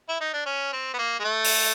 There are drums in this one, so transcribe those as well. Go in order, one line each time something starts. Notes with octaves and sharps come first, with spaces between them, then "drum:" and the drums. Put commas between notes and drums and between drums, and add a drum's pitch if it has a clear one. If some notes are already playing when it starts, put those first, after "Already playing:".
E4
D#4
D4
C#4
C4
B3
A#3
G#3
A3
drum: open hi-hat